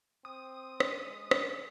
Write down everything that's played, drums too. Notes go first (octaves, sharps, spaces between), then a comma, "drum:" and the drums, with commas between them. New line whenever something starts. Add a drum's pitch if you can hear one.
C4 D#6
drum: rim click
G#3
drum: rim click